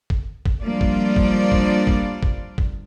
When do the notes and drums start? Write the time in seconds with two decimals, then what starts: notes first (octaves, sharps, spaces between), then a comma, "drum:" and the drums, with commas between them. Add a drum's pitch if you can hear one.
0.10 drum: kick
0.46 drum: kick
0.63 F3 G3 A#3 D4 F4 D5
0.81 drum: kick
1.16 drum: kick
1.52 drum: kick
1.87 drum: kick
2.23 drum: kick
2.58 drum: kick